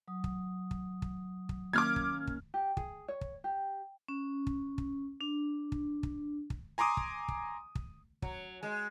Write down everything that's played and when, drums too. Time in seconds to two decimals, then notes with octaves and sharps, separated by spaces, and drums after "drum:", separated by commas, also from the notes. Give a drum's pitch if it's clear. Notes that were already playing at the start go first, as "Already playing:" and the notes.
0.08 F#3 D#6
0.24 drum: kick
0.71 drum: kick
1.02 drum: kick
1.49 drum: kick
1.73 D#3 A#3 C#4 D6 F6 G#6
1.96 drum: kick
2.27 drum: kick
2.54 G4
2.77 G#4, drum: kick
3.08 C#5
3.21 drum: kick
3.44 G4
4.08 C#4
4.47 drum: kick
4.78 drum: kick
5.21 D4
5.72 drum: kick
6.03 drum: kick
6.50 drum: kick
6.78 G#5 A#5 C6 D6 D#6
6.97 drum: kick
7.28 drum: kick
7.75 drum: kick
8.22 F#3, drum: kick
8.63 G#3